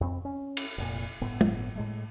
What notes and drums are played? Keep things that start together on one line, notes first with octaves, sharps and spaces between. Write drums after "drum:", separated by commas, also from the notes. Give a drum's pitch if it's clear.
F2 C4
C#4
drum: cymbal
F1 A#2
G1 A2 B3
drum: tom
A2 G#3 A3